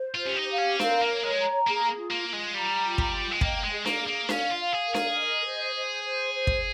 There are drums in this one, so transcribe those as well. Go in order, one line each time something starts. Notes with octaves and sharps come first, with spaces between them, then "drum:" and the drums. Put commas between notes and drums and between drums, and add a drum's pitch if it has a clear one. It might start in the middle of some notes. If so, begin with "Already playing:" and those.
Already playing: C5
F4
C#4 G4
D#4
F5
C#4
C4 A#4, drum: snare D4
A#3
C#5
G#3
A#5
A#3 G#4
F4
A#3
F4
G#3
G3 A#5
F4
drum: kick
G5
G#3
A#3 D#5, drum: kick
G#3
G#4
A#3, drum: snare D4
G#4
A#3
C#4 F5, drum: snare D4
F4
F5
G#4
A#4
G#4, drum: snare D4
D#5
C5
C5
C5
C5
drum: kick